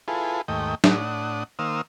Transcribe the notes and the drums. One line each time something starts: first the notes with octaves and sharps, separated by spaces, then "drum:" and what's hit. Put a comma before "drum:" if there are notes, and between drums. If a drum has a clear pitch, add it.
E4 F4 G#4 A4 B4
D#2 G#2 A3 D#5 G5
A2 D4 F#5 D#6, drum: snare
D#3 A#3 C5 F5 D#6 E6